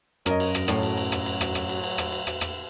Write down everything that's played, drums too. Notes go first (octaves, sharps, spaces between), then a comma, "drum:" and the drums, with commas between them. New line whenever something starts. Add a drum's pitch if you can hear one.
F#2 A#4 C#5 D#5, drum: rim click
drum: cymbal
drum: rim click
A2 F#3 C6, drum: rim click
drum: cymbal
drum: cymbal
drum: rim click
drum: cymbal
drum: rim click
drum: rim click
drum: cymbal
drum: cymbal
drum: rim click
drum: cymbal
drum: rim click
drum: rim click